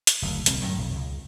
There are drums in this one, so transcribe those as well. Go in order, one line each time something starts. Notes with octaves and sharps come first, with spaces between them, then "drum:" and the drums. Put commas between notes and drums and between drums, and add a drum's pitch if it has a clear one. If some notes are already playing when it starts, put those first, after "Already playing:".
drum: hi-hat
F#1 D2
D#1 C2 C4, drum: hi-hat
F#2 A2 D#3
B1 F2
C#2